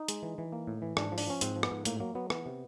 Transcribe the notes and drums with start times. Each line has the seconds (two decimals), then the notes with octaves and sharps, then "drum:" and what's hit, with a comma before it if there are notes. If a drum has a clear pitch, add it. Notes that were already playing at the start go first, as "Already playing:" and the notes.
Already playing: D#4
0.08 G#3, drum: hi-hat
0.23 E3
0.38 E3
0.52 A#3
0.67 A2
0.82 E3
0.97 G#2 D4, drum: rim click
1.12 F3
1.18 D4, drum: open hi-hat
1.27 F3 C#4
1.41 G#2 C4, drum: hi-hat
1.56 F3
1.63 B3, drum: rim click
1.71 G#2
1.85 A2 A#3, drum: hi-hat
2.00 F#3 A#3
2.15 F#3 B3
2.30 E3 B3, drum: rim click
2.46 C3